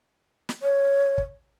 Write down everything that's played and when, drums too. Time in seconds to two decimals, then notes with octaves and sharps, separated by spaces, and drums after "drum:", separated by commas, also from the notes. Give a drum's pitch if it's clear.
0.49 drum: snare
0.63 C#5
1.18 drum: kick